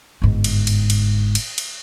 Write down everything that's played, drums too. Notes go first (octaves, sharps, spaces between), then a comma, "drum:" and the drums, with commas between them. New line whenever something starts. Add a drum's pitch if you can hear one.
G1 G#2
drum: cymbal
drum: cymbal
drum: cymbal
drum: cymbal
drum: cymbal